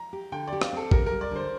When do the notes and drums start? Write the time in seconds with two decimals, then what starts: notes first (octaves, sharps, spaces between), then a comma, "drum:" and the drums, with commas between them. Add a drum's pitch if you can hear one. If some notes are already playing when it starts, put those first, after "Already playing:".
Already playing: A#5
0.13 G4
0.32 D3 G5
0.48 G4 D5
0.61 F5, drum: rim click
0.73 C4 A4
0.91 G4 A#4, drum: kick
1.06 G3 A#4
1.21 D5
1.31 D3 C5